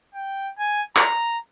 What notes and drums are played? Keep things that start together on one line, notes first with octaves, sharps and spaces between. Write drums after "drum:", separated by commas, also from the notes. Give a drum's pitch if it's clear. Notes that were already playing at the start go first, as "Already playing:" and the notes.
G5
G#5
A#5, drum: clap